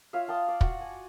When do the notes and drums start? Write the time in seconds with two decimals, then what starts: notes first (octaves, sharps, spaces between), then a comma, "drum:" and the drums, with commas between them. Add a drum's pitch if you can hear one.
0.13 F4 C#5 E5 F5
0.28 G5 A5 C6 D#6
0.48 D5
0.61 F#4 F#5, drum: kick
0.81 G#5